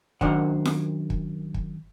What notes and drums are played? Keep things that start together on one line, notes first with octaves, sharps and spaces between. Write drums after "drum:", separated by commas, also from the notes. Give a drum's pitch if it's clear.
F#2 D#3 D4 C5 F#5, drum: kick
drum: snare F4
drum: kick
drum: kick